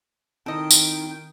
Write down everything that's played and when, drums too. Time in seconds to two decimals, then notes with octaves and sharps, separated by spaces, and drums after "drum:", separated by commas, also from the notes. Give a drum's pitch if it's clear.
0.46 D#3 C4 D#4 E4 A4 D#5 G5
0.71 drum: tambourine